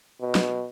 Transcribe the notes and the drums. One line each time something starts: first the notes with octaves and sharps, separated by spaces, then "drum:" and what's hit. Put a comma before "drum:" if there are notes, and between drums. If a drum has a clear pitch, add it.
B2
drum: snare